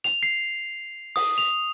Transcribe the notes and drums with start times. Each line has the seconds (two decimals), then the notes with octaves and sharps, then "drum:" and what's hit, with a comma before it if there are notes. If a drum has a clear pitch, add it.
0.04 F7, drum: hi-hat
0.23 C7
1.16 D#6, drum: open hi-hat
1.38 F7